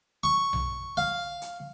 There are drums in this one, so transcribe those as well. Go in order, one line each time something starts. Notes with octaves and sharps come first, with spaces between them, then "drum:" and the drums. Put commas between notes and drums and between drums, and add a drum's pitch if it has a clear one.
C#6
drum: tom B1
F5
drum: hi-hat